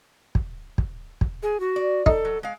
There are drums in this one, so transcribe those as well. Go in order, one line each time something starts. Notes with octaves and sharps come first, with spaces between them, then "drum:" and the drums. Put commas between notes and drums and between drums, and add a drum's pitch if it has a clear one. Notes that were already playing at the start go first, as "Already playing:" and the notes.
drum: kick
drum: kick
drum: kick
G#4
F#4
D5
D#4 A4, drum: kick
F#3
G#3 F5